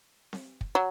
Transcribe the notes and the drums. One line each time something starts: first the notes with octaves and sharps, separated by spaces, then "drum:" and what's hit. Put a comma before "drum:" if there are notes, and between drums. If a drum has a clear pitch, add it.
drum: snare C4
drum: kick
F#3